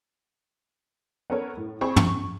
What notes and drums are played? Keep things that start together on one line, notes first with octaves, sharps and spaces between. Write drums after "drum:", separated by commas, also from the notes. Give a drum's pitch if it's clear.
B3 C#4 A4 A#4 C#5
A2
C4 G#4 B5 C#6
C#6, drum: tom